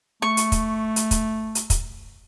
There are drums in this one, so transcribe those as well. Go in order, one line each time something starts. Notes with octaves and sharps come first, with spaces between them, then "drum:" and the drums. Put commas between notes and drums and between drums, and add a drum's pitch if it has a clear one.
A3 C#6
drum: hi-hat
drum: kick, hi-hat
drum: hi-hat
drum: kick, hi-hat
drum: hi-hat
drum: kick, hi-hat